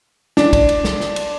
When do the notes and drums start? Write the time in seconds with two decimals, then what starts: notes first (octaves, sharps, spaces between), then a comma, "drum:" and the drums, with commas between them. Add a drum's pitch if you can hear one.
0.37 D4, drum: snare
0.53 drum: kick, cymbal
0.69 drum: cymbal
0.84 drum: snare
1.00 drum: snare
1.16 drum: cymbal